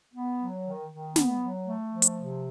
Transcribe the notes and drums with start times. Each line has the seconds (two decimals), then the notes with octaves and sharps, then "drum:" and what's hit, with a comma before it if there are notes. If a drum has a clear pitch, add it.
0.14 B3
0.40 F#3
0.65 D#3
0.89 D#3
1.16 B3, drum: snare
1.41 F#3
1.66 A3
1.91 F3
2.02 drum: hi-hat
2.16 C3